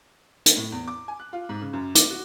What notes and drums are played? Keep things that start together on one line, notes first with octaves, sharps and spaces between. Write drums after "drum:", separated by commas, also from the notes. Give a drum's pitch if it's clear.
drum: hi-hat
A2
E2
D6
G#5
F#6
F4
G#2
C#3
F#2
D6, drum: hi-hat
F#4